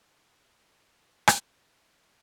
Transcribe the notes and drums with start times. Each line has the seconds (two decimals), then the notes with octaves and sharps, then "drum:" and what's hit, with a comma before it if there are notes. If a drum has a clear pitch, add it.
0.91 F2 C4 D5
1.27 drum: rim click
1.40 F4 A#5 F6